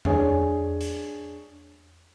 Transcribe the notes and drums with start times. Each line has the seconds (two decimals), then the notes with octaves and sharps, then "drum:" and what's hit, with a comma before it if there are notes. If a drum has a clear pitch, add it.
0.05 D4 G#4 C#5 G#5, drum: tom E2
0.81 drum: hi-hat